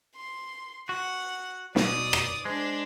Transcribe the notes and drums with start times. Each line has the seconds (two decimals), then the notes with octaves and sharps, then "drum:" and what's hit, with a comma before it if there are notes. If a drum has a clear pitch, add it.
0.16 C6
0.89 F#4 F#5
1.76 B2 D5 D#6, drum: snare
2.13 drum: rim click
2.45 G#3 D4 C5